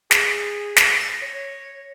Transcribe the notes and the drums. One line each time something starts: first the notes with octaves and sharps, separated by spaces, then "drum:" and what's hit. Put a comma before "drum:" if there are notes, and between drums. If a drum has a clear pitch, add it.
G#4, drum: snare
drum: snare
A#6
C#5